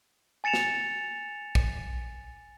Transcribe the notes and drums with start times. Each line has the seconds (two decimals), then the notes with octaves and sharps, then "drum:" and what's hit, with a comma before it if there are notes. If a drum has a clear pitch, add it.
0.44 G#5 A6 C#7 E7 F7
0.54 drum: snare
1.55 drum: kick A#1